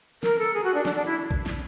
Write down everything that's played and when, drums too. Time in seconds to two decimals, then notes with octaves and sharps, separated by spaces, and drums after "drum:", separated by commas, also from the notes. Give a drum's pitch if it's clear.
0.23 A#4, drum: snare
0.39 A4
0.54 G#4
0.64 F#4
0.74 D4
0.85 D4, drum: snare
0.95 D4
1.06 E4
1.31 drum: kick
1.46 drum: snare